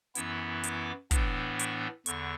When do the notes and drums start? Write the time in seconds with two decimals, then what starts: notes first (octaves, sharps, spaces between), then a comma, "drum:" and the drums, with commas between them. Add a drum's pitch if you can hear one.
0.15 F#2 E3 B3 E4 E6, drum: hi-hat
0.63 D6, drum: hi-hat
1.11 A2 E3 B3 D4, drum: kick, hi-hat
1.59 C#6, drum: hi-hat
2.06 E2 D3 C#6, drum: hi-hat